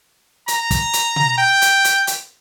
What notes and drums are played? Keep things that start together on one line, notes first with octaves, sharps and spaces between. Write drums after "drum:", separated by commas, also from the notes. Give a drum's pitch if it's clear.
A#5, drum: hi-hat
drum: kick, hi-hat
drum: hi-hat
drum: tom B2
G5
drum: hi-hat
drum: hi-hat
drum: hi-hat